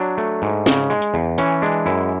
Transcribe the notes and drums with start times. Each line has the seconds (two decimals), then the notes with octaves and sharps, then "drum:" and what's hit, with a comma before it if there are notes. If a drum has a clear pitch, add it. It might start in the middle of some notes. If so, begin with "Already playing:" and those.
Already playing: F#3 D4
0.18 A3
0.42 G#2
0.66 C#3, drum: snare
0.90 G#3
1.02 drum: hi-hat
1.14 E2
1.38 E3 C#4, drum: hi-hat
1.62 G#3 D4
1.86 F#2 E4